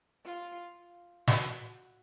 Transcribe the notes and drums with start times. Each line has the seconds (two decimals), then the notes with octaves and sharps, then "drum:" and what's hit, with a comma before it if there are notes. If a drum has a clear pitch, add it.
0.25 F4
1.28 F#4, drum: snare